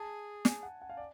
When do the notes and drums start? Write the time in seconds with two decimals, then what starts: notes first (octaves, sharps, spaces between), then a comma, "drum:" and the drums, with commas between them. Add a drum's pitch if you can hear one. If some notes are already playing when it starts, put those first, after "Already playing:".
Already playing: G#4 A5
0.45 G#5, drum: snare
0.63 F#5
0.82 F#5
0.90 F5
0.97 D5